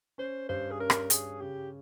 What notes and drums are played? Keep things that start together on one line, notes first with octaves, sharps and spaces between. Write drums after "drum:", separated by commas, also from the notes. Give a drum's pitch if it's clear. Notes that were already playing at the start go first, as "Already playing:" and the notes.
C#4 C5
G2 C5
G#4
C#4 A#4
drum: rim click
C#4 G#4, drum: hi-hat
C#3 G4